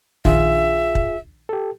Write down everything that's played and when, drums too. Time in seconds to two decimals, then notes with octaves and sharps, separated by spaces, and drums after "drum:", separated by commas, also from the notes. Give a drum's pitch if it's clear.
0.25 A#1 D#3 D4 F4 G#4 E5, drum: kick
0.95 drum: kick
1.49 G4 A4